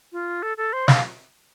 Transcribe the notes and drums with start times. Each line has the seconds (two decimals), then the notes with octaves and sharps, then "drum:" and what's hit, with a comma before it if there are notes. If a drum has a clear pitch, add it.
0.12 F4
0.43 A4
0.57 A4
0.73 C5
0.88 F5, drum: snare